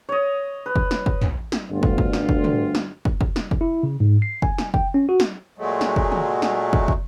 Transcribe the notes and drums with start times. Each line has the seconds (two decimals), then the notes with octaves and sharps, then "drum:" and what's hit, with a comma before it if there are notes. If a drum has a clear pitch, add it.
0.09 C#5 D#5
0.66 B4
0.76 drum: kick
0.91 drum: snare
1.06 drum: kick
1.22 drum: tom
1.52 drum: snare
1.70 G1 D2 G2 F4
1.83 drum: kick
1.98 drum: kick
2.13 drum: snare
2.29 drum: kick
2.44 drum: tom
2.75 drum: snare
3.05 drum: kick
3.21 drum: kick
3.36 drum: snare
3.51 drum: kick
3.61 E4
3.83 C#3
4.00 G#2
4.22 C7
4.42 G#5, drum: kick
4.58 drum: snare
4.74 G5, drum: kick
4.94 C#4
5.09 F#4
5.20 drum: snare
5.58 A#2 F#3 G#3 A3
5.81 drum: snare
5.96 drum: kick
6.12 drum: tom
6.42 drum: snare
6.73 drum: kick
6.88 drum: kick